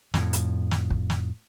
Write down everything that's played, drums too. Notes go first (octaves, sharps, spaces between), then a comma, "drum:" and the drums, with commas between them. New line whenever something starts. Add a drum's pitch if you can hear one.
F2 A2, drum: snare
drum: hi-hat
drum: snare
drum: kick
drum: snare